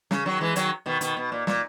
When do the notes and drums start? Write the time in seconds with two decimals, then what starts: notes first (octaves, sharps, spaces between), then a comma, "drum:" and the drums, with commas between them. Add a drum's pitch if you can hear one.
0.11 C#3, drum: snare
0.26 D#3 F#3
0.41 E3 G#3
0.56 D#3 F#3, drum: hi-hat
0.86 B2 D#3
1.01 B2 D#3, drum: hi-hat
1.17 B2
1.32 A#2
1.47 A#2, drum: snare